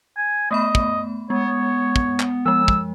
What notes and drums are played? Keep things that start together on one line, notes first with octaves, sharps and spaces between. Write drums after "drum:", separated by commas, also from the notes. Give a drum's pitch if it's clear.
G#5
A3 B3 D#5 B5
drum: kick
G#3 B3 C#5
drum: kick
drum: clap
F3 G#3 E6
drum: kick